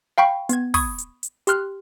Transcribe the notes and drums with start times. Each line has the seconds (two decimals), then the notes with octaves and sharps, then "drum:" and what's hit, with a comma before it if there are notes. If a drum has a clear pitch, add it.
0.18 F5 G5 B5 C#6
0.49 B3 G#6, drum: hi-hat
0.74 B5 C#6 D#6 G#6, drum: kick, open hi-hat
0.98 drum: hi-hat
1.23 drum: hi-hat
1.47 G4 C6 F6 F#6, drum: hi-hat